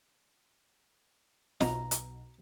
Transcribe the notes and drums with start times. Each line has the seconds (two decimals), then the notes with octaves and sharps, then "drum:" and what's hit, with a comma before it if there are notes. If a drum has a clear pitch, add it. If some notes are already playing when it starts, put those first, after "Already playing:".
1.61 B1 B2 D#5 A#5, drum: snare
1.91 drum: hi-hat